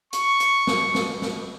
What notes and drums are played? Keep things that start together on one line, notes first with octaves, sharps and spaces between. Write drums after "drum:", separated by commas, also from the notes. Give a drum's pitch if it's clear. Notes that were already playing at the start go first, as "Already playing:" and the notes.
C#6, drum: hi-hat
drum: hi-hat
drum: snare
drum: snare
drum: snare